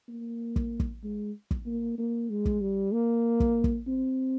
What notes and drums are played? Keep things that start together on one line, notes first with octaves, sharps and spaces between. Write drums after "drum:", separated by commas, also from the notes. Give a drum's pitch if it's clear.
A#3
drum: kick
drum: kick
G#3
drum: kick
A#3
A#3
G#3
drum: kick
G3
A#3
drum: kick
drum: kick
C4